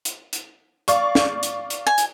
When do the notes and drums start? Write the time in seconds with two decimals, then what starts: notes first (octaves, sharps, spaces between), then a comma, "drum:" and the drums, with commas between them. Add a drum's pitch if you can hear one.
0.05 drum: hi-hat
0.33 drum: hi-hat
0.88 D5 F5 C#6, drum: hi-hat
1.15 drum: snare
1.43 drum: hi-hat
1.70 drum: hi-hat
1.87 G#5
1.98 drum: hi-hat